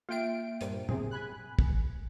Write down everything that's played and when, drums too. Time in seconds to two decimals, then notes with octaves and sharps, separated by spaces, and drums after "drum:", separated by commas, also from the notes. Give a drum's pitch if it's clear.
0.09 A#3 F4 E5 G5 D7
0.61 G2 A#2 C5, drum: hi-hat
0.89 C3 C4 G#4, drum: tom A2
1.11 G#5 B5 F#6
1.59 drum: kick